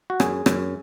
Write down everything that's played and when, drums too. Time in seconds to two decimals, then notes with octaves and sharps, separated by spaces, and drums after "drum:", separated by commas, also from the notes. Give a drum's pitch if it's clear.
0.10 F#4
0.20 F#2 G#4, drum: rim click
0.46 F#2, drum: rim click